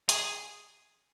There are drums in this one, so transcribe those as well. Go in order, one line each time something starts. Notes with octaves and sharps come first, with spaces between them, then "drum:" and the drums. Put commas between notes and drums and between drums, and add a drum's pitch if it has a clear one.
G#4, drum: hi-hat